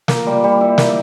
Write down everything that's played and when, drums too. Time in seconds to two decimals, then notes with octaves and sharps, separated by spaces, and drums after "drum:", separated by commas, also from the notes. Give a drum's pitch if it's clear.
0.08 A#3, drum: snare
0.27 G3
0.44 G3
0.61 E4
0.78 A#3, drum: snare